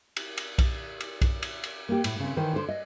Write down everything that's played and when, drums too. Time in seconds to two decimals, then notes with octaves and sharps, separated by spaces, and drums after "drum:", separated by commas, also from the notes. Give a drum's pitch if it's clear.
0.16 drum: cymbal
0.37 drum: cymbal
0.58 drum: kick B1, cymbal
1.00 drum: cymbal
1.21 drum: kick B1, cymbal
1.42 drum: cymbal
1.63 drum: cymbal
1.89 A#3 G4
2.04 A2, drum: cymbal
2.20 C#3 C4
2.37 D#3 E3 C5
2.53 D3 C5
2.69 D#5